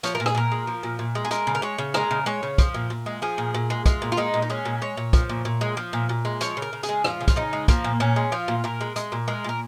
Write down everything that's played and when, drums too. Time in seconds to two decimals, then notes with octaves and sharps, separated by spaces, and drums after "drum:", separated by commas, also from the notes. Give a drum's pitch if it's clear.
0.03 F3 C#5, drum: hi-hat
0.15 A#4
0.20 A#2
0.26 G#4, drum: rim click
0.35 A#2 A#4
0.52 G#3
0.67 F3
0.83 A#2
0.99 A#2
1.15 G#3
1.25 G#4
1.31 G#3 A#4, drum: hi-hat
1.47 C#3
1.55 A#4
1.62 G#3 C#5
1.78 C#3
1.94 G#3 A#4, drum: rim click
2.11 C#3
2.26 G#3 C#5
2.43 C#3
2.58 F3, drum: kick, hi-hat
2.74 A#2
2.90 A#2
3.06 G#3
3.22 F3 G#4
3.38 A#2
3.54 A#2
3.70 G#3
3.86 G#3 F4, drum: kick, hi-hat
4.02 A#2
4.12 F4
4.17 G#3 D#4
4.34 A#2
4.42 D#4
4.50 G#3 C#4
4.65 A#2
4.82 G#3 C#5
4.97 A#2
5.13 F3, drum: kick, hi-hat
5.29 A#2
5.45 A#2
5.61 G#3
5.77 F3
5.93 A#2
6.09 A#2
6.25 G#3
6.41 F3 C#5, drum: hi-hat
6.57 C#3
6.62 A#4
6.73 C#3
6.83 G#4, drum: hi-hat
6.89 G#3
7.04 F3 F4, drum: rim click
7.21 C#3
7.28 F4, drum: kick, hi-hat
7.36 C#3 D#4
7.53 G#3
7.68 F3 A#3, drum: kick, hi-hat
7.84 A#2
8.00 A#2 C#4
8.16 G#3
8.32 F3 F4
8.48 A#2
8.64 A#2 A#4
8.81 G#3
8.96 G#3, drum: hi-hat
9.12 A#2
9.28 G#3 A#4
9.44 A#2 A#4